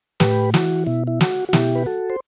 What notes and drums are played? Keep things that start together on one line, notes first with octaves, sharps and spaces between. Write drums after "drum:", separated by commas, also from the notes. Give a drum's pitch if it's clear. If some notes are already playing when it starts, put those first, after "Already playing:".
A2 G4 B4, drum: snare
E3 F#4, drum: snare
B2 E4
E4
F#4, drum: snare
F#4
B2 E4 G4, drum: snare
B4
F#4 A4
C5